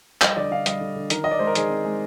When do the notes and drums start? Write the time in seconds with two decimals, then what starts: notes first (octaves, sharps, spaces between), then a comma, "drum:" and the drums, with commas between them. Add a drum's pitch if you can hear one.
0.22 G3 D#5, drum: clap
0.37 D3 D5
0.51 D3 F5
0.66 G3 D#5, drum: hi-hat
0.81 D3
0.96 D3
1.10 D#3 A#4, drum: hi-hat
1.24 D#3 D#5
1.31 D5
1.39 G#3 C5
1.47 A#4
1.55 D#3 G#4, drum: hi-hat
1.69 C4
1.85 G#3